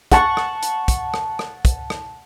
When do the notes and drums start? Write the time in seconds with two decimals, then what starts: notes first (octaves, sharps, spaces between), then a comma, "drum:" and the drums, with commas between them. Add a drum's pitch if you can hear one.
0.12 F#5 A5 C#6, drum: kick, hi-hat
0.37 drum: rim click
0.63 drum: hi-hat
0.88 drum: kick, hi-hat
1.14 drum: rim click
1.39 drum: rim click
1.65 drum: kick, hi-hat
1.90 drum: rim click